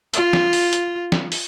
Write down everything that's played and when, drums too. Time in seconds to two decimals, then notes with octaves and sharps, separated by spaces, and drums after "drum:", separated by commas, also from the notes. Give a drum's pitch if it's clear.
0.14 F4, drum: hi-hat
0.33 drum: snare
0.53 drum: open hi-hat
0.73 drum: hi-hat
1.12 drum: snare
1.32 drum: open hi-hat